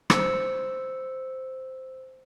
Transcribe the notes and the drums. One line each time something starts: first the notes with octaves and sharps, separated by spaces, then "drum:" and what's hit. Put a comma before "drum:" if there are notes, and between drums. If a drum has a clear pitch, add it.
C5 E6 C#7, drum: rim click